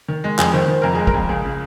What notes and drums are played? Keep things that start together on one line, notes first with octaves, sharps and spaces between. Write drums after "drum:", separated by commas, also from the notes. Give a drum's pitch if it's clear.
D#3
G#3
F2 G#4, drum: clap
D#3 C5
D#3 C5
F2 A#4
G#3 G#4
A#4, drum: kick
F2
C#2 G#4
C#3